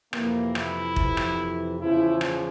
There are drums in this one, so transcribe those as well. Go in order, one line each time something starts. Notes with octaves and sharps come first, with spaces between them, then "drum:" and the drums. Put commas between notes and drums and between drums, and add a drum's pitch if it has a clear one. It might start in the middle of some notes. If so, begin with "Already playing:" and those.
F2 C3 E3 A#3, drum: rim click
E4, drum: rim click
F2 C3 E3, drum: kick F1
drum: rim click
E2 C#3 F3 E4
drum: rim click